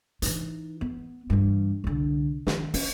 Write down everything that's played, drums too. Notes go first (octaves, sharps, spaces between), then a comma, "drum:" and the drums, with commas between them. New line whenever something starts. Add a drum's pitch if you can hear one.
E3 D#4, drum: hi-hat
B3
G2 E3
C2 D3
D#3, drum: snare
C#4, drum: open hi-hat